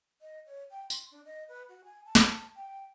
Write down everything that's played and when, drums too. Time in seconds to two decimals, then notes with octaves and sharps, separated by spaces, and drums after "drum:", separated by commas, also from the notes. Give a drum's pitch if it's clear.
0.21 D#5
0.46 C#5
0.70 G5
0.90 C6, drum: tambourine
1.11 D4
1.25 D#5
1.48 B4
1.69 F#4
1.85 G#5
2.05 A5
2.15 drum: snare
2.55 G5